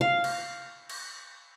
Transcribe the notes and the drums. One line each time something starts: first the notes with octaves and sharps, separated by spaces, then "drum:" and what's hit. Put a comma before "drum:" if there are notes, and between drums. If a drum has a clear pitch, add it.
F5
drum: cymbal
drum: cymbal